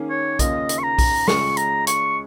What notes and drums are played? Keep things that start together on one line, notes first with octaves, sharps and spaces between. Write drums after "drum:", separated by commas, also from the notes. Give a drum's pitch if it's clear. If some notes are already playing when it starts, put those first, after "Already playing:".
Already playing: D#3 A#3 C#4 G#4
C#5
D#2 C#3 A#3 C#4 F4 D#5, drum: kick B1, hi-hat
drum: hi-hat
C#6
A#5
drum: kick B1, open hi-hat
C#2 C#3 G#3 C#4 C#6, drum: snare
A#5, drum: hi-hat
C#6, drum: hi-hat